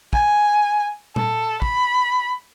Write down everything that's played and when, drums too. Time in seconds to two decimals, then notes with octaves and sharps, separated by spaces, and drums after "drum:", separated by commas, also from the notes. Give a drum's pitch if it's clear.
0.13 G#5, drum: kick
1.16 A4, drum: tom A#2
1.62 B5, drum: kick